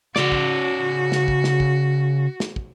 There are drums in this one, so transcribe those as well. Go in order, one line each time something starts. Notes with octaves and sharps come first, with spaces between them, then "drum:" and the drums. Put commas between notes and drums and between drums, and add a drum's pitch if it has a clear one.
C#3 F#4 D5, drum: snare
drum: kick
drum: snare
drum: kick
drum: snare
drum: kick
drum: snare
drum: kick